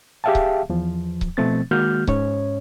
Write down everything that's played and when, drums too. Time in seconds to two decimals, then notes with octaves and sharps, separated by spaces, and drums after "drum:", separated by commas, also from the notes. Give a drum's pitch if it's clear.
0.24 G4 G#4 E5 F5 G5 A5
0.35 drum: kick C#1
0.69 E2 F3
1.21 drum: kick C#1
1.37 B2 F3 A3 C4 A6
1.71 D#3 G#3 A#3 F#4 F6 G6
2.07 G#2 C#4 C#5, drum: kick C#1